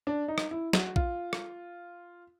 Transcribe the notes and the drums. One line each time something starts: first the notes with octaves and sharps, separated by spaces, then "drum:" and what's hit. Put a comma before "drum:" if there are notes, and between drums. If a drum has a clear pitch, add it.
D4
D#4
drum: rim click
E4
F#4, drum: snare
F4, drum: kick A#1
drum: rim click